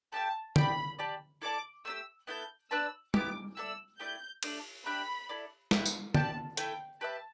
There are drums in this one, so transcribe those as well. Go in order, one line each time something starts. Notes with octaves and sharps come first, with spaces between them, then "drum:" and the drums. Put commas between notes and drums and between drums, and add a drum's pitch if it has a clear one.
A3 G4 E5 G5 A5
G4 D5 G5 B5, drum: tom
G4 D5 A5
E4 A4 D5 A5 D6
A3 D4 G4 E6
B3 E4 A4 G6
D4 B4 D5 A5 E6
B3 E4 G4 D6, drum: tom
E4 A4 D5 E6
A3 E4 G4 D5 G6
A3 D4 A4 D5, drum: cymbal
D4 G4 E5 B5
E4 A4 D5
E4 G4 B4 E5, drum: snare
drum: tambourine
G4 D5 G5 A5, drum: tom
A3 E4 A4 G5, drum: hi-hat
G4 B4 E5 A5